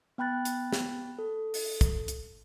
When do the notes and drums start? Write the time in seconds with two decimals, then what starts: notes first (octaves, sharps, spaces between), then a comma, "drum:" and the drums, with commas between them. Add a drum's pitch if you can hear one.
0.18 B3 G5 B5 F#6 A6
0.45 drum: hi-hat
0.73 drum: snare
1.19 A4
1.54 drum: open hi-hat
1.81 drum: kick, hi-hat
2.08 drum: hi-hat